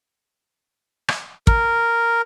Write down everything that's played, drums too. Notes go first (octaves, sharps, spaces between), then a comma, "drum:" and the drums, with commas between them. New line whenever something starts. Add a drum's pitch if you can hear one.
drum: rim click
A#4, drum: kick